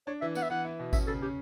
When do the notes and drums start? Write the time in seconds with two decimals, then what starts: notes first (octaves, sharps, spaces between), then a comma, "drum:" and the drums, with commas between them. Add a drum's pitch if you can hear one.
0.07 D4 C#5
0.21 E3 E5
0.35 B3 F#5, drum: tambourine
0.43 E5
0.50 E3 F#5
0.65 E4
0.79 B2
0.93 C#4 E5, drum: kick G#1, tambourine
1.07 C#3 A4
1.22 C#4 G4